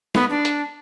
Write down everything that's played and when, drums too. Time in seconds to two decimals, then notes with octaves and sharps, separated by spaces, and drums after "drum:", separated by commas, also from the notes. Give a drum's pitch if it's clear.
0.15 B3, drum: snare
0.30 D4
0.45 drum: hi-hat